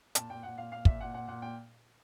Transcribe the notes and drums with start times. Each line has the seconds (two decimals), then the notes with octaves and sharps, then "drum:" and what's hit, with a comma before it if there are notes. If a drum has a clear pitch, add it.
0.15 A#2 A5, drum: hi-hat
0.29 A#2 G5
0.43 A#2 F#5
0.58 A#2 F5
0.72 A#2 F5
0.85 A#2 E5, drum: kick
1.00 A#2 F#5
1.13 A#2 F#5
1.28 A#2 F#5
1.42 A#2 G5